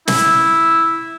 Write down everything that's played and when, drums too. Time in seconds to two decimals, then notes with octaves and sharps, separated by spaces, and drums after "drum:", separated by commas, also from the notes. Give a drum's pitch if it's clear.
0.08 E4, drum: snare